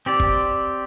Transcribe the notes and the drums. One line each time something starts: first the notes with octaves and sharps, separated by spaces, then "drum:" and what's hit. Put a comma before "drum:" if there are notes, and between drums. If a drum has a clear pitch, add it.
C4 G4 D5
drum: kick F1